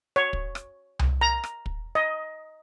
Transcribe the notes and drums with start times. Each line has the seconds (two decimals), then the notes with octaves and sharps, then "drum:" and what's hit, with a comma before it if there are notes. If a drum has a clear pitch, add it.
0.16 C#5
0.33 drum: kick
0.55 drum: rim click
0.99 drum: tom C2
1.21 A#5
1.44 drum: rim click
1.66 drum: kick
1.95 D#5